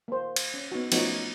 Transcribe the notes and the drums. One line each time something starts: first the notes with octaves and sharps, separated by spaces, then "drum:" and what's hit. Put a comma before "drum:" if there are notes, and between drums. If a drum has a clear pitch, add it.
A#3 C5
drum: cymbal
C#4
B3 D#4 F#4
F3 A3 B3 C#4 D#4 F#4, drum: cymbal